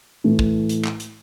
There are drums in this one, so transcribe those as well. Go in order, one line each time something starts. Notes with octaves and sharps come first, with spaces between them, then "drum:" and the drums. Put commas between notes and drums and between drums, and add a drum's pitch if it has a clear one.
A2 E3 A3
drum: kick
drum: hi-hat
drum: clap
drum: hi-hat